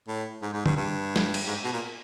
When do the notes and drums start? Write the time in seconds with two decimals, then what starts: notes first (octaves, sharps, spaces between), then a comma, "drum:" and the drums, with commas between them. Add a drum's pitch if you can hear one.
0.08 A2
0.42 G#2
0.53 G#2
0.66 G2, drum: tom
0.77 G2
1.16 drum: snare
1.34 drum: cymbal
1.47 G#2
1.64 B2
1.73 A#2